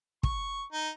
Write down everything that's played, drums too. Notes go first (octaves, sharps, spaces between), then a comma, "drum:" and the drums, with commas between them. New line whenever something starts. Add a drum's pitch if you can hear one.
C#6, drum: kick
D#4